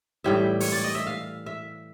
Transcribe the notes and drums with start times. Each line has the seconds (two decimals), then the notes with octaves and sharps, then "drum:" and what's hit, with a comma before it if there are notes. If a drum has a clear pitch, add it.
0.24 A2 E3 G3 E5
0.60 C#5, drum: open hi-hat
0.72 D5
0.84 D#5
0.95 E5
1.07 F5
1.46 E5